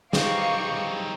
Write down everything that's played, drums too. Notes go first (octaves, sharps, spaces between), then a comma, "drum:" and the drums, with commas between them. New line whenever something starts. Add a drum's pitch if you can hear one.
E3 G3 C4 D#4 F5 C#6 D6 C#7, drum: snare